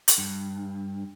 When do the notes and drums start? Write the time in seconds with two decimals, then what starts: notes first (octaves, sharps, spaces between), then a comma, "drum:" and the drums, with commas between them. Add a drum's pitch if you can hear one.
0.08 drum: hi-hat
0.18 G2